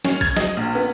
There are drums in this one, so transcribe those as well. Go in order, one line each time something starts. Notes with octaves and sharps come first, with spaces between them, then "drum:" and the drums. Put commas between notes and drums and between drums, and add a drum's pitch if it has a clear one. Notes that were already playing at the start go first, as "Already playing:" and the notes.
C#4, drum: snare
G#6, drum: kick, cymbal
D#5, drum: snare
A#1
B3